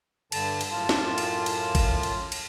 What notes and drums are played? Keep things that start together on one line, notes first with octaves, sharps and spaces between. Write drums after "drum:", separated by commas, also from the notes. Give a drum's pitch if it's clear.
G2 D3 A5, drum: cymbal
drum: cymbal
F#2 A2 F4 A5
drum: snare
drum: cymbal
drum: cymbal
drum: kick G#1, cymbal
drum: cymbal
drum: cymbal